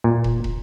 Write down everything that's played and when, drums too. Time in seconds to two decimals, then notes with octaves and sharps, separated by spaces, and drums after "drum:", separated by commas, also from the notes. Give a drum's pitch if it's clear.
0.04 A#2
0.24 drum: kick
0.44 drum: kick